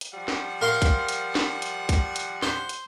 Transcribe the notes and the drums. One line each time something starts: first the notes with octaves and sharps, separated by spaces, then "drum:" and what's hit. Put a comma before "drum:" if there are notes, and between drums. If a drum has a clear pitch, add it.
drum: hi-hat
F3 G3 F#5
drum: snare
A#4 F5 C6
drum: kick, hi-hat
drum: hi-hat
drum: snare
drum: hi-hat
drum: kick, hi-hat
drum: hi-hat
C5, drum: snare
drum: hi-hat